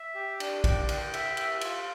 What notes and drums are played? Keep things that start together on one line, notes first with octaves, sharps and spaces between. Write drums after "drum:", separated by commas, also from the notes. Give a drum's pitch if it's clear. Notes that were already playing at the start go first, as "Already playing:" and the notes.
Already playing: E5
G4
D4, drum: cymbal
G5, drum: kick, cymbal
G5, drum: cymbal
E5, drum: cymbal
E5, drum: cymbal
F4, drum: cymbal